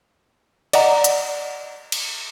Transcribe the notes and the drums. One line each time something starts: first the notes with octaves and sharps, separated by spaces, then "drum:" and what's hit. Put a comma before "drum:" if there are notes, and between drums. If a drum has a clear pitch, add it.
D5 D#5 F#5 A#5, drum: cymbal
drum: hi-hat
drum: cymbal